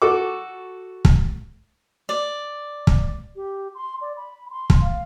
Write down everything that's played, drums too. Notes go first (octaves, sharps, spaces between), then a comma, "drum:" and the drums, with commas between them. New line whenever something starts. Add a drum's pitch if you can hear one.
F#4 A4 D6
drum: kick
D5
drum: kick
G4
C6
D5
B5
C6
drum: kick
F5